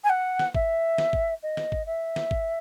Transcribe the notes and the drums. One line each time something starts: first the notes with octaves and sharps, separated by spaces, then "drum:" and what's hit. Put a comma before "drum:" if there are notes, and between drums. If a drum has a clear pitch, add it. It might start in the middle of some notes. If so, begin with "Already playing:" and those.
G#5
F#5
drum: snare
E5, drum: kick
drum: snare
drum: kick
D#5
drum: snare
drum: kick
E5
drum: snare
drum: kick